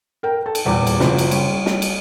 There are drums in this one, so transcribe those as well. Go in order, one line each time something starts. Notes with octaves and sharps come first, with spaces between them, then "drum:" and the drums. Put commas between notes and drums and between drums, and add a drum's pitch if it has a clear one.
A#4 G5
A4
drum: cymbal
D#1 E2 G3 D6
drum: cymbal
F#1 C#3 F3, drum: snare
drum: cymbal
G3 C#5, drum: cymbal
drum: snare
drum: cymbal